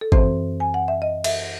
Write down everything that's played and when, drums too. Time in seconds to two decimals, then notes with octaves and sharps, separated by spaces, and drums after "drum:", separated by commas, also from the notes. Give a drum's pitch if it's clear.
0.01 A4
0.12 F#2 E3 C4 C5, drum: kick G#1
0.60 G#5
0.74 F#5
0.88 E5
1.02 D#5
1.24 E5, drum: cymbal